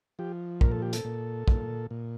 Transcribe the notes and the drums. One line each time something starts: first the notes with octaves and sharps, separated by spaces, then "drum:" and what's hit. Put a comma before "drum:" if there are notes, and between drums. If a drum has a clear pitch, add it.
F3 G4
A#2 A#4, drum: kick
A4
G4
A4, drum: hi-hat
A#2
A#2, drum: kick
A#2